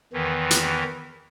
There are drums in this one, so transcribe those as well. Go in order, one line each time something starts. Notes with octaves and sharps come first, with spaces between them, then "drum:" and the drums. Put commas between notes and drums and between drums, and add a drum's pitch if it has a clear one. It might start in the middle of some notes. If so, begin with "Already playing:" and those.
E2 D#3 E3
drum: hi-hat